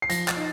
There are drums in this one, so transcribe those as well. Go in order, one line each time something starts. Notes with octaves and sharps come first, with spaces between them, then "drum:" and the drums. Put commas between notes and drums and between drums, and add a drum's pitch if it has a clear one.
C7
F3 A#6, drum: hi-hat
A6, drum: clap
D#4